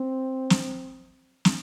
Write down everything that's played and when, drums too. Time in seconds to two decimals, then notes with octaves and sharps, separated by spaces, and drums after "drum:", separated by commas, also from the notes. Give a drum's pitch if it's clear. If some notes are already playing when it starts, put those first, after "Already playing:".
Already playing: C4
0.50 drum: snare
1.45 drum: snare